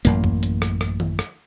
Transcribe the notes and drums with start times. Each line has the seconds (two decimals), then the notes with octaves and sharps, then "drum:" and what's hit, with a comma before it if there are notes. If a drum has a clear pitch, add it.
0.05 A1 F#2 A#3, drum: hi-hat
0.24 drum: kick
0.43 drum: hi-hat
0.62 drum: rim click
0.81 drum: rim click
1.00 drum: tom D#3
1.19 drum: rim click